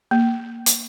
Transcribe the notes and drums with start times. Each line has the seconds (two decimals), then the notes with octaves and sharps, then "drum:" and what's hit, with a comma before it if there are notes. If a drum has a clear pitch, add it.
0.11 A#3
0.66 drum: hi-hat